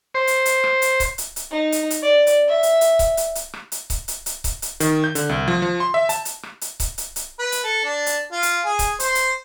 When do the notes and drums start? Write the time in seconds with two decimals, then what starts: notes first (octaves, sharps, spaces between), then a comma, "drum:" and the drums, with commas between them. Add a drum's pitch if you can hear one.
0.14 C5
0.27 drum: hi-hat
0.46 drum: hi-hat
0.64 drum: rim click
0.82 drum: hi-hat
1.00 drum: kick C#1, hi-hat
1.18 drum: hi-hat
1.36 drum: hi-hat
1.51 D#4
1.72 drum: hi-hat
1.90 drum: hi-hat
2.03 D5
2.27 drum: hi-hat
2.48 E5
2.63 drum: hi-hat
2.81 drum: hi-hat
2.99 drum: kick C#1, hi-hat
3.17 drum: hi-hat
3.35 drum: hi-hat
3.54 drum: rim click
3.72 drum: hi-hat
3.90 drum: kick C#1, hi-hat
4.08 drum: hi-hat
4.26 drum: hi-hat
4.44 drum: kick C#1, hi-hat
4.62 drum: hi-hat
4.80 D#3, drum: hi-hat
5.04 G6
5.15 D3, drum: hi-hat
5.29 C2
5.48 F3
5.62 F3
5.80 C6
5.94 E5
6.09 A5, drum: hi-hat
6.25 drum: hi-hat
6.43 drum: rim click
6.61 drum: hi-hat
6.80 drum: kick C#1, hi-hat
6.98 drum: hi-hat
7.16 drum: hi-hat
7.39 B4
7.52 drum: hi-hat
7.64 A4
7.85 D4
8.06 drum: hi-hat
8.32 F4
8.43 drum: hi-hat
8.65 G#4
8.79 drum: kick C#1, hi-hat
9.00 C5, drum: hi-hat
9.15 drum: hi-hat